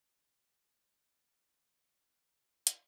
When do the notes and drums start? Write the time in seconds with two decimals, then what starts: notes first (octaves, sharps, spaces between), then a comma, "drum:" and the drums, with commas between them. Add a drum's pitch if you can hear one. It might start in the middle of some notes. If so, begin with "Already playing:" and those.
0.11 A4
0.30 E4
0.44 G5
0.72 C5
1.10 B3
1.26 F5
1.45 D4
1.76 C#6
1.98 D#4
2.21 A#4
2.67 drum: hi-hat